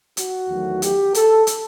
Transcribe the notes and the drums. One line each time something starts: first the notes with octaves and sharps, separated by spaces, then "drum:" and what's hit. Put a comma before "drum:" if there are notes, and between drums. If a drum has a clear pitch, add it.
F#4, drum: hi-hat
E2 D#3 F#3 A3
G4, drum: hi-hat
A4, drum: hi-hat
drum: hi-hat